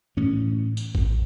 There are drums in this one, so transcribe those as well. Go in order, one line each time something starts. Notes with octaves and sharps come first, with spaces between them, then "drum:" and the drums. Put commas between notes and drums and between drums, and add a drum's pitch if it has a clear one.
A2 E3 C#4
drum: tambourine
drum: kick A1